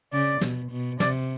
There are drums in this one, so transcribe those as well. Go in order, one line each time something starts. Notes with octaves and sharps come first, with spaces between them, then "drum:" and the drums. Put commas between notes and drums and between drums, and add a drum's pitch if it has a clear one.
C#3 D5
B2, drum: snare
B2
C3 D5, drum: snare